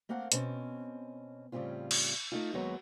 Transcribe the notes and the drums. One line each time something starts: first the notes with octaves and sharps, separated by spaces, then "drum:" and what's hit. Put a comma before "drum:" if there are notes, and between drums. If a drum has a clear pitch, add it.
A3 A#3 C4 F5 F#5
B2 C4 C#4, drum: hi-hat
A2 C#3 G3 C4 C#4 F4
drum: cymbal
A3 D#4 F4
D#2 F#3 G#3 B3 C#5